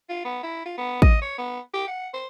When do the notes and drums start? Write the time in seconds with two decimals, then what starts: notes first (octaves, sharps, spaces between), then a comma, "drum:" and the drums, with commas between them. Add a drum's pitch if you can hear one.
0.09 F4
0.25 B3
0.43 E4
0.66 F4
0.78 B3
1.02 D#5, drum: kick A1
1.22 C#5
1.38 B3
1.74 G4
1.88 F#5
2.14 C5